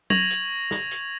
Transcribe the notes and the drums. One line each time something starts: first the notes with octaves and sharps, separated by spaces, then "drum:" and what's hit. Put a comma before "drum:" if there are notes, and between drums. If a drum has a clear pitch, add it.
C#6 G#6 A#6 F7 F#7, drum: tom
drum: hi-hat
drum: snare
drum: hi-hat